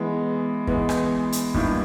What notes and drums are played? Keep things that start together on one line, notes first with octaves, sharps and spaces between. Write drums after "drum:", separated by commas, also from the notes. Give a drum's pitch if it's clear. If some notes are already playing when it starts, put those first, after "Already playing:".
Already playing: E3 G#3 B3
E3 G#3 B3, drum: kick
drum: rim click
drum: hi-hat
G2 D#3 A#3 E4, drum: kick